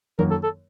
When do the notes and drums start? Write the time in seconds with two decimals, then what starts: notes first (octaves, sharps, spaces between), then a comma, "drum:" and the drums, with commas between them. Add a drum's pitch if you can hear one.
0.19 F#2 D#3 F#3 A#3 A#4, drum: tom D#3
0.31 A4
0.44 A4